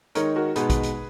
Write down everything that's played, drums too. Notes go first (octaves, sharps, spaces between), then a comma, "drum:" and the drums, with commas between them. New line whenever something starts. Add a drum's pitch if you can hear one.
D#3 G#3 D#4 A#4 C#5, drum: hi-hat
F#4 A#4
B2 G#3 B3 D#4 G#4 B4, drum: hi-hat
drum: kick, hi-hat
drum: hi-hat